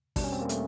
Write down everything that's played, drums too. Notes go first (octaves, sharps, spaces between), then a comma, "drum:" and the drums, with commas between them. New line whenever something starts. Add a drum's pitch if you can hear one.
E2 B2 G3 D4, drum: kick, open hi-hat
C#4
C4
A#3
A3, drum: hi-hat